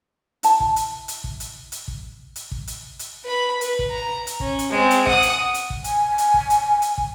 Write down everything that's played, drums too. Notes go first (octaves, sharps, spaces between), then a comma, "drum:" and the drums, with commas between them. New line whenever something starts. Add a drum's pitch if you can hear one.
E4 A5, drum: hi-hat
drum: kick
drum: hi-hat
drum: hi-hat
drum: kick
drum: hi-hat
drum: hi-hat
drum: kick
drum: hi-hat
drum: kick
drum: hi-hat
drum: hi-hat
B4 B5
B4, drum: hi-hat
drum: kick
A#5
drum: hi-hat
C#4, drum: kick
drum: hi-hat
G#3 C4
drum: hi-hat
F#5 D#6, drum: kick
drum: hi-hat
drum: hi-hat
drum: kick
G#5, drum: hi-hat
drum: hi-hat
drum: kick
drum: hi-hat
drum: hi-hat
drum: kick